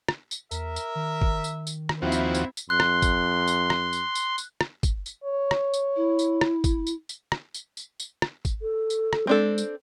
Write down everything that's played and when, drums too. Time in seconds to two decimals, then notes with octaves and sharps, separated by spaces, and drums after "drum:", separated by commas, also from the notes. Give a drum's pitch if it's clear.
0.09 drum: rim click
0.31 drum: tambourine
0.51 E2 A#4 E5, drum: tambourine
0.76 drum: tambourine
0.95 D#3
1.22 drum: kick
1.44 drum: tambourine
1.67 drum: tambourine
1.89 drum: rim click
2.02 D#2 F3 C4 E4 F#4 E5
2.12 drum: tambourine
2.35 drum: tambourine
2.57 drum: tambourine
2.70 F2 C6 F#6
2.80 drum: rim click
3.02 drum: kick, tambourine
3.48 drum: tambourine
3.70 drum: rim click
3.93 drum: tambourine
4.15 drum: tambourine
4.38 drum: tambourine
4.61 drum: rim click
4.83 drum: kick, tambourine
5.06 drum: tambourine
5.24 C#5
5.51 drum: rim click
5.74 drum: tambourine
5.96 E4
6.19 drum: tambourine
6.41 drum: rim click
6.64 drum: kick, tambourine
6.87 drum: tambourine
7.09 drum: tambourine
7.32 drum: rim click
7.54 drum: tambourine
7.77 drum: tambourine
8.00 drum: tambourine
8.22 drum: rim click
8.45 drum: kick, tambourine
8.62 A4
8.90 drum: tambourine
9.13 drum: rim click
9.27 G#3 C4 D4 A4
9.58 drum: tambourine